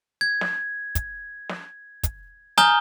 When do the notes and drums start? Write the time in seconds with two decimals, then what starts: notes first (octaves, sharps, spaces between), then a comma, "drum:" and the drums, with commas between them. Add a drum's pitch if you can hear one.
0.21 G#6
0.41 drum: snare
0.95 drum: kick, hi-hat
1.49 drum: snare
2.03 drum: kick, hi-hat
2.58 G#5 A#5 D#6 F6 G6 G7, drum: snare